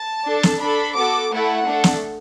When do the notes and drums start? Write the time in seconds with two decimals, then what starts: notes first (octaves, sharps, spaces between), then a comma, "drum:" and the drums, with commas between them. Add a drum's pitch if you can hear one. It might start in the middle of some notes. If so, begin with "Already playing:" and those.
Already playing: A5
0.25 D4 A4
0.43 drum: snare
0.61 D4 A4 B5
0.95 B3 F#4 A4 D6
1.31 A3 E4 A4 F#5
1.67 A3 D4 A4
1.84 drum: snare